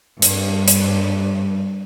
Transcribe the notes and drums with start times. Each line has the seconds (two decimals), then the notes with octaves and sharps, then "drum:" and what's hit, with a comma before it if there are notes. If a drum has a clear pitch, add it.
0.22 G2, drum: hi-hat
0.68 drum: hi-hat